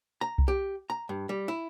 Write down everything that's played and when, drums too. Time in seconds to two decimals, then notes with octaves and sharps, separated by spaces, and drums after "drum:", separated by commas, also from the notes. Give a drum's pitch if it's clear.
0.21 A#5
0.38 drum: kick C2
0.48 G4
0.90 A#5
1.09 G2
1.29 G3
1.48 E4